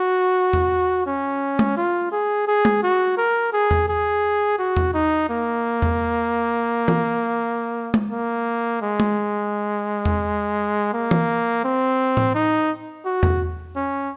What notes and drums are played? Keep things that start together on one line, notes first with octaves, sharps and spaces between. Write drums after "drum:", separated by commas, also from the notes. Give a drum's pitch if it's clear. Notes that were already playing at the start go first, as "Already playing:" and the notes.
Already playing: F#4
drum: tom E2
C#4
drum: tom G#3
F4
G#4
G#4
drum: tom G#3
F#4
A#4
G#4
drum: tom E2
G#4
F#4
drum: tom E2
D#4
A#3
drum: tom E2
drum: tom E3
drum: tom G#3
A#3
G#3
drum: tom G#3
drum: tom E2
A#3
drum: tom E3
C4
drum: tom A2
D#4
F#4
drum: tom E2
C#4